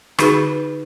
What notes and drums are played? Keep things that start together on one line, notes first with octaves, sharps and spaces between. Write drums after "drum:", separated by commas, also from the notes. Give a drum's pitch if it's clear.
D3 D#4 F#4 G#4 B4 C#6, drum: rim click